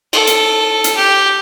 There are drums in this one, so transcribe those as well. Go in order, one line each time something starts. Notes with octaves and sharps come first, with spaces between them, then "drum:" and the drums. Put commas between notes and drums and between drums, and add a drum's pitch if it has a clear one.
A4, drum: cymbal
drum: hi-hat
drum: hi-hat
G4